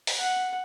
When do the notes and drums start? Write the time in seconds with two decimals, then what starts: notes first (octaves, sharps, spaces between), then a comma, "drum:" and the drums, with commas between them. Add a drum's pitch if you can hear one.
0.07 drum: open hi-hat
0.20 F#5